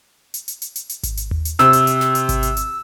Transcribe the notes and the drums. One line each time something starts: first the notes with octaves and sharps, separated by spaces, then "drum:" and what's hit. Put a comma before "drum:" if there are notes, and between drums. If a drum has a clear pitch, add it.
drum: hi-hat
drum: hi-hat
drum: hi-hat
drum: hi-hat
drum: hi-hat
drum: kick G#1, hi-hat
drum: hi-hat
drum: tom D#2
drum: hi-hat
C3 E6, drum: snare
drum: hi-hat
drum: hi-hat
drum: snare
drum: hi-hat
drum: kick G#1, hi-hat
drum: hi-hat
drum: hi-hat